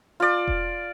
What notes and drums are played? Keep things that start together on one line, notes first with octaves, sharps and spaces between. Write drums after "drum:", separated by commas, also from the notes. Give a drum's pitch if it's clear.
F4 D5
drum: kick E1